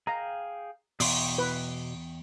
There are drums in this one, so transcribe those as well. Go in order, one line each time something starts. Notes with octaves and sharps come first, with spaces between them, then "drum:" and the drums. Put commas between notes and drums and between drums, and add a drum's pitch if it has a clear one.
G#4 F5 G5 A#5
E2 B2 D5 G5 C6 C#6 D#6, drum: open hi-hat
B4